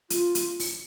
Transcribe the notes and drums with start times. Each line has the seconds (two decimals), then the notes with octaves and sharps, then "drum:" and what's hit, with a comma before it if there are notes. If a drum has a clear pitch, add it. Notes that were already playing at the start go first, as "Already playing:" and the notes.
0.10 F4, drum: hi-hat
0.35 drum: hi-hat
0.59 drum: open hi-hat